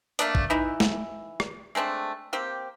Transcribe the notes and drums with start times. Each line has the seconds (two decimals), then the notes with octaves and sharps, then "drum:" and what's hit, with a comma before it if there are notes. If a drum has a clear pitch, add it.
0.19 A3 A#3 D4 D5, drum: hi-hat
0.35 drum: kick A1
0.50 E3 D#4 E4
0.80 drum: snare
1.40 drum: rim click
1.75 G#3 A3 C4 D4
2.33 A#3 C4 G4